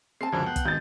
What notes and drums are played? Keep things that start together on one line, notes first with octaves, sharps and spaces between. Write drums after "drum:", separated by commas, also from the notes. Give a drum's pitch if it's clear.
C4 A#4 A5 C7
C#2 F#2 D3 F3 G#4
B3 F#5 G5
drum: kick, hi-hat
G#2 D#3 G6 A6